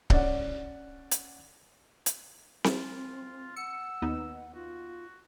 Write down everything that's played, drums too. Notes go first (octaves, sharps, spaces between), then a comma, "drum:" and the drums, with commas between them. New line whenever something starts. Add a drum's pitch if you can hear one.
C#4 D5 F#5, drum: kick C#1
drum: hi-hat
drum: hi-hat
C4 F4, drum: snare C4
F#5 E6 C#7
D#2 B3 D#4
F4 F#4